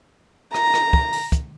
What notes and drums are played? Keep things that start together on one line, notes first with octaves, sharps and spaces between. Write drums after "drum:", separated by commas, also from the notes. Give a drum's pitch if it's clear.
A#5, drum: rim click
drum: rim click
drum: kick
drum: open hi-hat
drum: kick, hi-hat